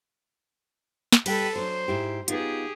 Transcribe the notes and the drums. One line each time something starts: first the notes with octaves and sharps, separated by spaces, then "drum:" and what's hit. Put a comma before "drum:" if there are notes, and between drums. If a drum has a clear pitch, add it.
drum: snare
G3 A4 B4 G5, drum: cymbal
F#3 D4 C5
G#2 E4 G4
B3 D#4 F4 G4 G#4, drum: hi-hat